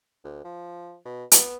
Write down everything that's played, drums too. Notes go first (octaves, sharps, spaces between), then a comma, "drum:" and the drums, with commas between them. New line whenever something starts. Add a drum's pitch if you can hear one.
D2
F3
B2
B3, drum: hi-hat